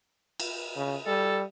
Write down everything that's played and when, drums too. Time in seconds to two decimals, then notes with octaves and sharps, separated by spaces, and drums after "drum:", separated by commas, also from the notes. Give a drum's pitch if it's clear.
0.40 drum: cymbal
0.76 C#3
1.06 G3 A4